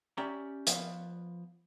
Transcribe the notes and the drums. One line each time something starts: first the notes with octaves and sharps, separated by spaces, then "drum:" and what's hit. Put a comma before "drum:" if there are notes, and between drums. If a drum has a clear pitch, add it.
C#4 G4 D5 E5 G5 A#5
F3 B3 F5, drum: hi-hat